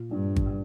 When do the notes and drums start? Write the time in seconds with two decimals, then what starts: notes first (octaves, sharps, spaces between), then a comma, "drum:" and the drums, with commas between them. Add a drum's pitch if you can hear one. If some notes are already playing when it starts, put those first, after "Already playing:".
Already playing: A#2
0.11 G2 D4
0.36 drum: kick G#1